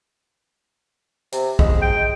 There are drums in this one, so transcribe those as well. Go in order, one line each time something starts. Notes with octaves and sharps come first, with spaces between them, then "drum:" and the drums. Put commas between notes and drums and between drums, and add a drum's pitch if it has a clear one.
C3, drum: hi-hat
G#3, drum: kick
G5